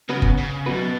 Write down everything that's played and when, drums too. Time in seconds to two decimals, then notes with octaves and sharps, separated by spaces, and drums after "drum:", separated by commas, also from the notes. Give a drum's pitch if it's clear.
0.09 F#2 C#3 F#3 B3 F#4 B4
0.22 drum: kick
0.38 C#3
0.66 F#2 B2 F#3 B3 F#4 B4